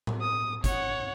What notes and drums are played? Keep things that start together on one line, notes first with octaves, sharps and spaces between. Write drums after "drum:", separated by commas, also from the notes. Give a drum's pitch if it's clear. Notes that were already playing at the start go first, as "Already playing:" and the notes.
drum: tom A2
D#6
C#5 F#5, drum: kick G1, hi-hat